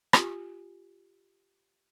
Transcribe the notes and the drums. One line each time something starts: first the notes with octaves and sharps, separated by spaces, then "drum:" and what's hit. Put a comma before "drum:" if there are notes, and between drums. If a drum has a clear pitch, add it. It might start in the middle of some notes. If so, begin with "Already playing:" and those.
F4 G4 G#5, drum: rim click